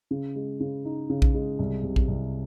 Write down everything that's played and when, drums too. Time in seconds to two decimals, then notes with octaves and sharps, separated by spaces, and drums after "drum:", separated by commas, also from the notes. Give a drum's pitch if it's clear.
0.11 C#3
0.36 G#3
0.60 C#3
0.85 D#4
1.10 C#3
1.22 drum: kick A#1
1.34 G#3
1.59 C2
1.83 C3
1.96 drum: kick A#1
2.08 C2